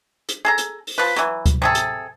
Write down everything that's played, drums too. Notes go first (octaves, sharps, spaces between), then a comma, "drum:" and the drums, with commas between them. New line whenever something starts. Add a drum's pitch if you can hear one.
drum: hi-hat
G#4 A4 A#5
drum: hi-hat
drum: open hi-hat
F3 B4
E3 F#3, drum: hi-hat
drum: kick D2, hi-hat
C3 G#4 A4
drum: hi-hat